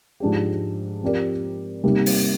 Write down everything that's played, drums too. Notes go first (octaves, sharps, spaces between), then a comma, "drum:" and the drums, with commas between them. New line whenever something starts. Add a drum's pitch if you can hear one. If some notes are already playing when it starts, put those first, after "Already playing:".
G#2 F3 G#3 D4 G4
F3 C4 G4 A#4 D5
C3 G3 A#3 D#4 A#4
drum: open hi-hat